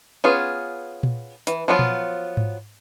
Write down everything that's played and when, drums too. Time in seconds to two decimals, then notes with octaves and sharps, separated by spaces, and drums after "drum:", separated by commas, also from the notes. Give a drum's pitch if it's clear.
0.24 B3 C#4 F4 G#4
1.03 drum: tom A#2
1.47 E3, drum: hi-hat
1.68 F3 F#3 B3 F4
1.79 drum: tom A#2
2.37 drum: tom G#2